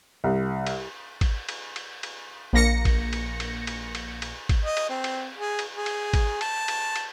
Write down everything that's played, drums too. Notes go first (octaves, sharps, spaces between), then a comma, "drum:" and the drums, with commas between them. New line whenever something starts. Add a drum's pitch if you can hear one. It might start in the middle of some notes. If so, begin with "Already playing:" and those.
C2
drum: cymbal
drum: kick G#1, cymbal
drum: cymbal
drum: cymbal
drum: cymbal
A#1 A#3 A#6 C#7
drum: kick G#1, cymbal
drum: cymbal
drum: cymbal
drum: cymbal
drum: cymbal
drum: cymbal
drum: kick G#1, cymbal
D#5
drum: cymbal
C4
drum: cymbal
G#4
drum: cymbal
G#4
drum: cymbal
drum: kick G#1, cymbal
A5, drum: cymbal
drum: cymbal
drum: cymbal